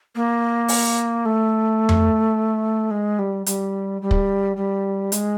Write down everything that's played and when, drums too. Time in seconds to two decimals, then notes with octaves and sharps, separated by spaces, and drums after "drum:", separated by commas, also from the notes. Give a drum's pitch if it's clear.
0.15 A#3
0.68 drum: open hi-hat
1.25 A3
1.89 drum: tom F2
2.91 G#3
3.19 G3
3.46 G3, drum: hi-hat
4.02 G3
4.11 drum: kick
4.57 G3
5.12 G#3, drum: hi-hat